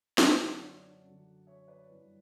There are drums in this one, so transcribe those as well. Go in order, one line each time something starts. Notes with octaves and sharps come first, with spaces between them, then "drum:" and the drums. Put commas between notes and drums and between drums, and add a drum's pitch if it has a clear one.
F#2 D3 F#3 C#5 E5, drum: snare
D5 F#5
F#2 D3 F#3
C#5 E5
B4 D5
G2 E3 G3